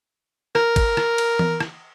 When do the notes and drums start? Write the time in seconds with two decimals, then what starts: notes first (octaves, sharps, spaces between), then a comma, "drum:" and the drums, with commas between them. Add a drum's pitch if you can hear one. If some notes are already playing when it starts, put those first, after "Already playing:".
0.55 A#4, drum: rim click
0.76 drum: kick, cymbal
0.97 drum: rim click
1.18 drum: cymbal
1.39 drum: tom E3
1.60 drum: rim click